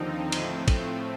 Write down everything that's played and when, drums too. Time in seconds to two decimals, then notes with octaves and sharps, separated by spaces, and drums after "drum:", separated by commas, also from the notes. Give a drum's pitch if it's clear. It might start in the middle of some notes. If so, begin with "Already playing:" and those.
Already playing: D#2 D3 F3 C4 D#4
0.32 A2 F3 A3 C4, drum: cymbal
0.68 drum: kick, cymbal